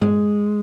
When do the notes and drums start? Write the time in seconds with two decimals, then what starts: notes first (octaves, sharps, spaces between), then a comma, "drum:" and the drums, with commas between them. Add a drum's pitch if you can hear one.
0.01 G#3, drum: tom G2